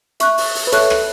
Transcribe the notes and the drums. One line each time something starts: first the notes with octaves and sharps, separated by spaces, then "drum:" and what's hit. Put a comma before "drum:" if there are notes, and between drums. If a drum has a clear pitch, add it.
E5 C#6 F#6, drum: hi-hat
drum: open hi-hat
drum: open hi-hat
B4
A4 C#5 E5 C#6 F#6, drum: hi-hat
drum: rim click